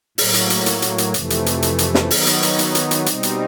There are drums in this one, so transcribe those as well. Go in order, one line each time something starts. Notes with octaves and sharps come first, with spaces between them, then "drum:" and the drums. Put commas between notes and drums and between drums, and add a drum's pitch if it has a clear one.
A2 F#3 A#3, drum: open hi-hat
drum: hi-hat
drum: hi-hat
drum: hi-hat
drum: hi-hat
drum: hi-hat
F2 C3 E3 A3, drum: hi-hat
drum: hi-hat
drum: hi-hat
drum: hi-hat
drum: hi-hat
drum: snare
D#3 F#3 B3 D#4, drum: open hi-hat
drum: hi-hat
drum: hi-hat
drum: hi-hat
drum: hi-hat
drum: hi-hat
B2 G3 C4 D#4, drum: hi-hat
drum: hi-hat